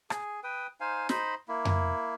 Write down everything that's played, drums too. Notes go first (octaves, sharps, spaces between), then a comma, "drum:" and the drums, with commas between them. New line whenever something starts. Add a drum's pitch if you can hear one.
G#4, drum: rim click
B4 G5 D#6
D#4 C5 F5 G#5
D#4 C5 D#5 B5, drum: snare
A#3 E4
drum: tom F2